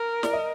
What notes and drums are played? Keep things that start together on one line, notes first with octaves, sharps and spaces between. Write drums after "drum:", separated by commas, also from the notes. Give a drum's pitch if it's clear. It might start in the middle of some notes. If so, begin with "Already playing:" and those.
Already playing: A#4
D5, drum: snare
D#5